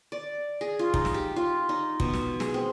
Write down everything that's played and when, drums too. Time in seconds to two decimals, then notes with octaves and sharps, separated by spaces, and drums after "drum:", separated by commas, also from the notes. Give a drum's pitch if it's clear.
0.12 D5
0.61 G#4
0.79 F4
0.94 D#4, drum: kick
1.05 drum: snare
1.14 G4
1.36 F4
1.69 D#4
2.00 B2, drum: kick
2.13 drum: snare
2.40 G#4, drum: snare
2.54 C4